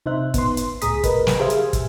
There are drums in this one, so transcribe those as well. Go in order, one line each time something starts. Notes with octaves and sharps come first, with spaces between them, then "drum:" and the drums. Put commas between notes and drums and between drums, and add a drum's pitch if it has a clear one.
C3 D#4 C5 E5 F#6
B3 C6, drum: kick, hi-hat
drum: hi-hat
C#2 A2 G#4 A#5 D#6 B6, drum: hi-hat
A#4 B4 D#5, drum: kick, hi-hat
drum: snare
G4 G#4 C5 E5 F5 G#5
drum: hi-hat
drum: kick, hi-hat